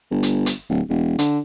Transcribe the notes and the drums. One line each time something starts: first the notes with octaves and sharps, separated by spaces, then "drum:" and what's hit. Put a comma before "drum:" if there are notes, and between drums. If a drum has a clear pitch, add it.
G1
drum: hi-hat
drum: hi-hat
D1
E1
D3, drum: hi-hat